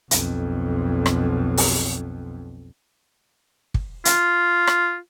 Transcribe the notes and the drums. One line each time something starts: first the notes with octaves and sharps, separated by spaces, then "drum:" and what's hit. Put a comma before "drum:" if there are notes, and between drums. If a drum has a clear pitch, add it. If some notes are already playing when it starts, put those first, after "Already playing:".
B1 F2, drum: hi-hat
drum: rim click
drum: open hi-hat
drum: kick
F4, drum: hi-hat
drum: rim click